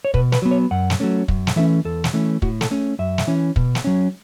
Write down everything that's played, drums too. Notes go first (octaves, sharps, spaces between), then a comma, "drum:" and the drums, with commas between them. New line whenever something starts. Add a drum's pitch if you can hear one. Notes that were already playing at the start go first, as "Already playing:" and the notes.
C#5
B2 B4, drum: kick
B4, drum: snare
F#3 B3
C#5
F#2 F#5
drum: snare
F#3 A3 C#4
F#2, drum: kick
drum: snare
E3 A3 C#4 E5
E2 A4
drum: snare
E3 A3 C#4
A2 F#4, drum: kick
A4, drum: snare
A3 C#4
F#2 E5
drum: snare
E3 C#4
B2, drum: kick
drum: snare
F#3 C#4